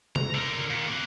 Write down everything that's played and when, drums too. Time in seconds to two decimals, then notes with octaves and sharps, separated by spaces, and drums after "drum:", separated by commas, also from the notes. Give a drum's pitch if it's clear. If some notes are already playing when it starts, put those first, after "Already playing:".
0.16 A#5, drum: tom C3
0.34 D3 A#4
0.70 A#2 D#3
0.88 A#3 B4